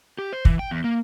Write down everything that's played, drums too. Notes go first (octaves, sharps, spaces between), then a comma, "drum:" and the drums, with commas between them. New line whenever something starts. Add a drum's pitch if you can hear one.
G4
C5
E3, drum: kick
G5
E2
A#3